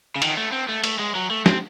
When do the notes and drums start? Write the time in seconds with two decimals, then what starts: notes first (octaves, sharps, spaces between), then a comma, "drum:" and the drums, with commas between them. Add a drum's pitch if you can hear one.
0.16 C#3
0.22 D#3, drum: cymbal
0.37 A3
0.52 C4
0.69 A3
0.84 A3, drum: cymbal
0.99 G#3
1.15 F#3
1.31 A3
1.46 C4, drum: snare